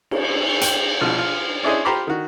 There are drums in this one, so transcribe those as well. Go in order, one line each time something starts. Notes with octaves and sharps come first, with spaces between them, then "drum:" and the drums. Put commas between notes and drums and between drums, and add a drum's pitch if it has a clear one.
drum: cymbal
G5, drum: hi-hat
C2 B2 F3 F4
F4
C#4 D4 E4 G#4 C5 D#5
F4 G4 C5 A#5 B5 D6
D#3 F#4